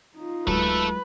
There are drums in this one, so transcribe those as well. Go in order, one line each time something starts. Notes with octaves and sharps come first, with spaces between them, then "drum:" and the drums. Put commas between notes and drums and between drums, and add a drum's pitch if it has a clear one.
D#4 F4
F#3 G#3 A3 A4 B4, drum: kick C#2